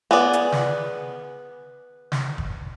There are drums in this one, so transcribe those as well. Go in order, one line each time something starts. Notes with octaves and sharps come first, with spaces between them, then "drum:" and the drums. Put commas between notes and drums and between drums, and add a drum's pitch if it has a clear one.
B3 G#4 D5
drum: hi-hat
drum: snare
drum: snare
drum: kick